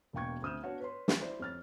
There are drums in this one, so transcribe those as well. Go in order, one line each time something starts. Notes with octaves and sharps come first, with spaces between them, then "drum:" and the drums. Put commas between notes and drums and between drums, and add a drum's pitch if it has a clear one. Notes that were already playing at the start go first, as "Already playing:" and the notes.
E1 B2 A#3 G5 C#6 G#6
D2 C4 D#6 F6 G6 E7
B3 D4 F#4 C#5 F#5
B4 C#5 C6
drum: snare
E4 C5 D5
F2 C#5 F6 A6